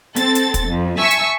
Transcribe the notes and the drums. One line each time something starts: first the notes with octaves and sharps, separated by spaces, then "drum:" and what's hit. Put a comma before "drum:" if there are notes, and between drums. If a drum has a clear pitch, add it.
C4 A4 A6, drum: hi-hat
drum: hi-hat
drum: kick, hi-hat
F2
E5 G#5 A5 C#6 E6
drum: hi-hat